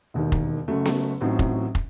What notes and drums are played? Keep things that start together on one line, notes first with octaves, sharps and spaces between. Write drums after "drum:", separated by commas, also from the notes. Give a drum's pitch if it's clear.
E1 D#2 D#3
drum: kick
F#1 F#2 F#3 A3
drum: snare B3
A1 A2 F#3 C4 D#4
drum: kick
drum: kick